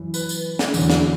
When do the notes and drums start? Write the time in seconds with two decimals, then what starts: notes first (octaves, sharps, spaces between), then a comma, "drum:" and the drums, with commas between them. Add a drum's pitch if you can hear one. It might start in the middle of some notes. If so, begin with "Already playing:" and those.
Already playing: F#2 E3
0.14 B4, drum: tambourine
0.29 drum: tambourine
0.59 drum: snare
0.74 E2 D3 F#3, drum: tambourine
0.90 drum: snare